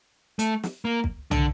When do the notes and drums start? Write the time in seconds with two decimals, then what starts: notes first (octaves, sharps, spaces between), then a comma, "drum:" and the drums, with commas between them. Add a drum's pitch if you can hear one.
0.39 A3, drum: hi-hat
0.63 drum: snare
0.85 A#3
1.04 drum: kick
1.31 D3, drum: tom